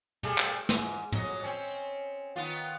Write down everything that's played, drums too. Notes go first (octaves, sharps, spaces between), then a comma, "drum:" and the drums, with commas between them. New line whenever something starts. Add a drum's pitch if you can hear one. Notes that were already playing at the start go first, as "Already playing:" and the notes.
G3 A3 G#4, drum: tom
drum: clap
G#2, drum: snare
F2 F#3 D#5, drum: tom
C4 C#4
D#3 B3 F4